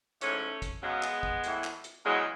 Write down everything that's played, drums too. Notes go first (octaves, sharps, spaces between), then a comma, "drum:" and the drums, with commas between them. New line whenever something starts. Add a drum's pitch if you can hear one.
G#2 E3 A3 C#4, drum: hi-hat
drum: kick, hi-hat
F#2 C#3 F#3 G#3 B3
drum: clap
drum: kick
A2 E3, drum: hi-hat
drum: clap
drum: hi-hat
E2 C#3 F#3 G#3